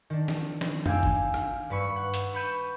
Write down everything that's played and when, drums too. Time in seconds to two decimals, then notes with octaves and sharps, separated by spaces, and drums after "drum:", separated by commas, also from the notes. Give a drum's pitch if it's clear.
0.10 D#3 D4
0.28 drum: snare
0.61 drum: snare
0.86 F5 G5 G#5 D6 E6, drum: tom
1.03 drum: kick
1.34 drum: rim click
1.70 G2 B4 C#6 E6
1.96 F#5
2.14 drum: hi-hat
2.34 B5 C#6 G6 D#7 E7